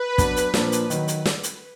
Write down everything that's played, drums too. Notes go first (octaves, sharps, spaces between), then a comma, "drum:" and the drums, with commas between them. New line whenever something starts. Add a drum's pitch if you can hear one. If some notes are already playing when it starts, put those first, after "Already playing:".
Already playing: B4
F#3 B3 D4, drum: kick, hi-hat
drum: hi-hat
A#2 F3 A#3 D4, drum: snare
drum: hi-hat
D#3 F#3, drum: hi-hat
drum: hi-hat
drum: snare
drum: hi-hat